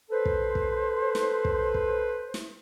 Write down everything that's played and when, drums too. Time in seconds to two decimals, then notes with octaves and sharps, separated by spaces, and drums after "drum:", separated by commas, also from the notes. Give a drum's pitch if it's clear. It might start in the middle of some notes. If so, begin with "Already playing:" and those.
0.11 A4 B4 C5
0.25 drum: kick
0.55 drum: kick
1.15 drum: snare
1.45 drum: kick
1.74 drum: kick
2.34 drum: snare